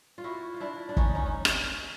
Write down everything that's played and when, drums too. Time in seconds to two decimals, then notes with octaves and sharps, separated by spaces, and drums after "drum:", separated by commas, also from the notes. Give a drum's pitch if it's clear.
0.18 F4
0.24 E4 F#4
0.54 F4
0.60 D4 E4
0.89 D4
0.97 C#4 D#4, drum: kick
1.15 C#4 D#4
1.26 C#4
1.45 drum: rim click